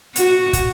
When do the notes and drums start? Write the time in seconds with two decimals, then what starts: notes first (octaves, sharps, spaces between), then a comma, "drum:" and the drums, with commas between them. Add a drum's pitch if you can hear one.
0.16 F#4, drum: hi-hat
0.53 drum: kick, hi-hat